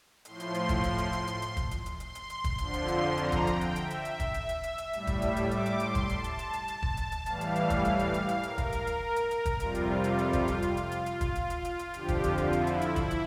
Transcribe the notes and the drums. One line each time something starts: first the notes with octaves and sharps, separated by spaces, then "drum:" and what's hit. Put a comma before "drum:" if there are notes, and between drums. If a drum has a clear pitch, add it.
A2 F3 C6, drum: hi-hat
drum: hi-hat
drum: hi-hat
drum: kick, hi-hat
drum: hi-hat
drum: hi-hat
drum: hi-hat
drum: hi-hat
drum: hi-hat
drum: kick, hi-hat
drum: hi-hat
drum: hi-hat
C6, drum: hi-hat
drum: hi-hat
drum: hi-hat
drum: kick, hi-hat
F2 D3 F3 C6, drum: hi-hat
drum: hi-hat
drum: hi-hat
A#5, drum: hi-hat
drum: kick, hi-hat
G5, drum: hi-hat
drum: hi-hat
E5, drum: hi-hat
drum: hi-hat
drum: hi-hat
drum: kick, hi-hat
drum: hi-hat
drum: hi-hat
drum: hi-hat
drum: hi-hat
A2 G3, drum: hi-hat
drum: kick, hi-hat
drum: hi-hat
drum: hi-hat
D6, drum: hi-hat
drum: hi-hat
C6, drum: hi-hat
drum: kick, hi-hat
A5, drum: hi-hat
drum: hi-hat
drum: hi-hat
drum: hi-hat
drum: hi-hat
drum: kick
drum: hi-hat
drum: hi-hat
A2 E3 G3 F5, drum: hi-hat
drum: hi-hat
drum: hi-hat
drum: kick, hi-hat
drum: hi-hat
drum: hi-hat
drum: hi-hat
drum: hi-hat
A#4, drum: hi-hat
drum: kick, hi-hat
drum: hi-hat
drum: hi-hat
drum: hi-hat
drum: hi-hat
drum: kick, hi-hat
F2 C3 G3 F4, drum: hi-hat
drum: hi-hat
drum: hi-hat
drum: hi-hat
drum: kick, hi-hat
drum: hi-hat
drum: hi-hat
drum: hi-hat
drum: hi-hat
drum: hi-hat
drum: kick, hi-hat
drum: hi-hat
drum: hi-hat
drum: hi-hat
drum: hi-hat
F2 D3 F3 G4, drum: hi-hat
drum: kick, hi-hat
F4, drum: hi-hat
drum: hi-hat
E4, drum: hi-hat
drum: hi-hat
drum: hi-hat
drum: kick, hi-hat
drum: hi-hat